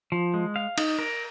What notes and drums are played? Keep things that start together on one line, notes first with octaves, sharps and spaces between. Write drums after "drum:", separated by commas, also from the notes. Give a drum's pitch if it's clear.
F3
G#3
F5
D#4, drum: cymbal
A#4